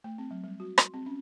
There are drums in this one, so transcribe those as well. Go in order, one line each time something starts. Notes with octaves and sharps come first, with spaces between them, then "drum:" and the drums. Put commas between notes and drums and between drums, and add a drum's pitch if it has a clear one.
A3
C4
F#3
G3
F#4
C6, drum: rim click
C4
C#4